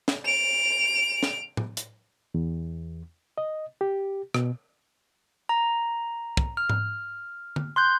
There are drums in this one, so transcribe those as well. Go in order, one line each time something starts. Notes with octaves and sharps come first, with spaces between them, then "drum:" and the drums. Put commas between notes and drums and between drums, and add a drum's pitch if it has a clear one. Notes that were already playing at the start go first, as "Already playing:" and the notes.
drum: snare
D7 F7
drum: snare
drum: tom A2
drum: hi-hat
E2
D#5
G4
B2, drum: rim click
A#5
drum: kick
F6
drum: tom G#2
drum: tom D3
C6 F#6 G6